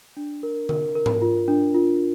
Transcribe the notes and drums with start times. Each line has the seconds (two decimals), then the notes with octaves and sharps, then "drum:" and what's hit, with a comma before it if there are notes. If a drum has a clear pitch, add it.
0.17 D4
0.43 A#4
0.69 A#4, drum: tom D3
0.95 A#4
1.06 drum: tom G#2
1.22 F4
1.48 D4
1.74 F4